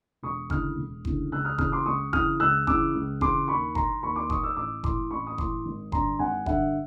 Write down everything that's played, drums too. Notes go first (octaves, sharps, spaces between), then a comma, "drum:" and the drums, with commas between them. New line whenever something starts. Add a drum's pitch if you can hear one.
E1 C#6 D#6
D2 C#3 E3 D#6 F6, drum: kick F#1
E1
D2 C#3 E3, drum: kick F#1
C#2 E6 F#6
D#6 F6
C#3 E3 D#6 F6, drum: kick F#1
C6 D6
C#2 C#6 D#6
C#3 E3 D#6 F6, drum: kick F#1
C#2 E6 F#6
C#3 E3 D6 E6, drum: kick F#1
C#2
C#3 E3 C6 D6, drum: kick F#1
D#2 B5 C#6
D#3 A#5 C6, drum: kick F#1
D#2 B5 C#6
C6 D6
D#3 C#6 D#6, drum: kick F#1
D6 E6
A1 D6 E6
A2 E3 C6 D6, drum: kick F#1
A1 B5 C#6
D#6
A2 E3 C6 D6, drum: kick F#1
G#1
G2 D3 A#5 C6, drum: kick F#1
G#1 F#5 G#5
G2 D3 E5 F#5, drum: kick F#1